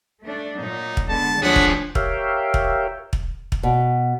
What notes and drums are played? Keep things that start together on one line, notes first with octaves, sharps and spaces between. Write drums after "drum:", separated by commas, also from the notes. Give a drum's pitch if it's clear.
A3 D4
A#2 F#3 D#4
drum: kick
D3 G#3 B3 A5
D2 F3 D4 G#4 C#5 F#5 B6
drum: kick
G4 A#4 C#5 E5 F5 G5, drum: kick
drum: kick
drum: kick
drum: kick
B2